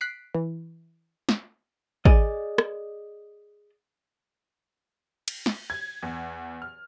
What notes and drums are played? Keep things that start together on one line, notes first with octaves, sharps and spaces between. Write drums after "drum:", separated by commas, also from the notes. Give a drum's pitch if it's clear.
F#6 B6 C7 D7
E3
drum: snare
G#4 D5 D#5, drum: kick
drum: rim click
drum: cymbal
drum: snare
G#6
E2
F6